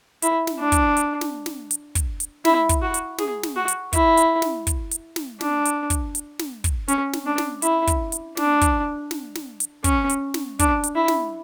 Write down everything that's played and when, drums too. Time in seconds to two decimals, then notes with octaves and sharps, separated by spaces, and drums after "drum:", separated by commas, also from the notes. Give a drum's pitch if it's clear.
0.22 E4, drum: hi-hat
0.47 drum: snare
0.59 D4
0.72 drum: kick, hi-hat
0.97 drum: hi-hat
1.21 drum: snare
1.46 drum: snare
1.71 drum: hi-hat
1.95 drum: kick, hi-hat
2.20 drum: hi-hat
2.45 E4, drum: snare
2.69 drum: kick, hi-hat
2.82 F#4
2.94 drum: hi-hat
3.18 G#4, drum: snare
3.43 drum: snare
3.56 F#4
3.68 drum: hi-hat
3.93 E4, drum: kick, hi-hat
4.17 drum: hi-hat
4.42 drum: snare
4.67 drum: kick, hi-hat
4.91 drum: hi-hat
5.16 drum: snare
5.41 D4, drum: snare
5.65 drum: hi-hat
5.90 drum: kick, hi-hat
6.15 drum: hi-hat
6.39 drum: snare
6.64 drum: kick, hi-hat
6.88 C#4, drum: hi-hat
7.13 drum: snare
7.26 D4
7.38 drum: snare
7.62 E4, drum: hi-hat
7.87 drum: kick, hi-hat
8.12 drum: hi-hat
8.37 D4, drum: snare
8.61 drum: kick, hi-hat
9.11 drum: snare
9.35 drum: snare
9.60 drum: hi-hat
9.84 C#4, drum: kick, hi-hat
10.09 drum: hi-hat
10.34 drum: snare
10.59 D4, drum: kick, hi-hat
10.83 drum: hi-hat
10.95 E4
11.08 drum: snare